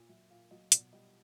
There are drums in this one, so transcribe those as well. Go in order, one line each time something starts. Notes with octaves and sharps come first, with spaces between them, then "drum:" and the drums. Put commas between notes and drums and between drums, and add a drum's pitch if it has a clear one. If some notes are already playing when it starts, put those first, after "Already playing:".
Already playing: A#2
F#3 E5
A#2 F5
F#3 D#5
B2 D5, drum: hi-hat
G3 D#5